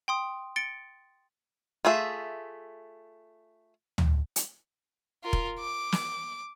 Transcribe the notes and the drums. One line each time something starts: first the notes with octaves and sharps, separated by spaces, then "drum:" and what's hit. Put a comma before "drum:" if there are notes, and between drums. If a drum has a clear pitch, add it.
G5 C6 D#6
A6 C#7 D7 G7
A3 F4 G#4 E5
drum: tom
drum: hi-hat
F4 A#4
drum: kick
D6
drum: snare